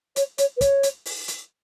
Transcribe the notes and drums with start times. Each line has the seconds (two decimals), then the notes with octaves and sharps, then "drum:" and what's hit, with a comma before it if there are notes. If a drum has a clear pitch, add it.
0.16 C#5, drum: hi-hat
0.38 C#5, drum: hi-hat
0.57 B4
0.61 C#5, drum: kick, hi-hat
0.83 drum: hi-hat
1.05 drum: open hi-hat
1.28 drum: hi-hat